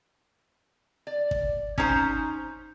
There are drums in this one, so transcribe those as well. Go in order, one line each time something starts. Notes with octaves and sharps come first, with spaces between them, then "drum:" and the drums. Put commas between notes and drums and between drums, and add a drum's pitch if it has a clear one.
D5
drum: kick
C#4 D#4 C5 G#5 A#5, drum: kick